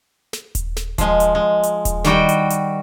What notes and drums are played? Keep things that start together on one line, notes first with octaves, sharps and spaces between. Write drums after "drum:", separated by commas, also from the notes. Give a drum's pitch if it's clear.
drum: snare
drum: kick D#1, hi-hat
drum: snare
F3 G#3, drum: kick D#1, hi-hat
drum: hi-hat
G#3
drum: hi-hat
drum: kick D#1, hi-hat
D#3 G3 F#4 G5, drum: snare
drum: hi-hat
drum: hi-hat